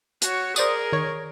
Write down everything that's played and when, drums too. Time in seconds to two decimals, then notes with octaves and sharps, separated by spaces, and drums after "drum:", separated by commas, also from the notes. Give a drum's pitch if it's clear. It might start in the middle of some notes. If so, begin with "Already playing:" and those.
0.22 F#4 C#5, drum: hi-hat
0.56 G#4 A#4 C5 D5 D#6, drum: tambourine
0.92 D#3 C#5